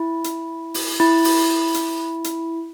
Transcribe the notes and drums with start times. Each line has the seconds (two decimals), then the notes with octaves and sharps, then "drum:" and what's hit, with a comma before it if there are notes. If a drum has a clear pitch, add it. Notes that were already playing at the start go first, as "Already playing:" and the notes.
Already playing: E4
0.24 drum: hi-hat
0.74 drum: open hi-hat
1.00 E4
1.24 drum: open hi-hat
1.74 drum: hi-hat
2.24 drum: hi-hat